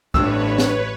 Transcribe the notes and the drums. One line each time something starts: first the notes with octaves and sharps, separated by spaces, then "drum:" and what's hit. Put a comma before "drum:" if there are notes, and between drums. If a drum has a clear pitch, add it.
A1 G2 B3 C4 D4 B4 C#5 E6, drum: kick
drum: snare